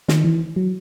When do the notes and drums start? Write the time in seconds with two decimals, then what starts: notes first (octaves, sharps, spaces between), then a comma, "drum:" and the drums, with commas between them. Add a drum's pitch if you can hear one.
0.08 D#3, drum: snare
0.24 E3
0.56 F#3